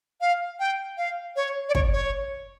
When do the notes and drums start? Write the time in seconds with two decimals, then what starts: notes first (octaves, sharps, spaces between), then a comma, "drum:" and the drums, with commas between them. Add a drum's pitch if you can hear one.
0.21 F5
0.59 G5
0.97 F5
1.36 C#5
1.69 D5
1.75 C#5, drum: kick
1.93 C#5